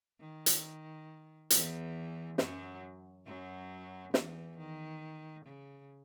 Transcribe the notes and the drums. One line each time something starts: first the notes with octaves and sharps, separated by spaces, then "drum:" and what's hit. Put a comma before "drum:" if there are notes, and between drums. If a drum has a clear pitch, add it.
D#3
drum: hi-hat
E2 E3, drum: hi-hat
F#2 F#3, drum: snare
F#2 F#3
E2 E3, drum: snare
D#3
C#3